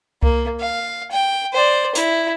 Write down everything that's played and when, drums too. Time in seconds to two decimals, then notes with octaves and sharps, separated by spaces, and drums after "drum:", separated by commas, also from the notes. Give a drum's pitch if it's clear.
0.23 A#3, drum: kick C2
0.60 F5
1.11 G5
1.53 C5 D5
1.95 E4, drum: hi-hat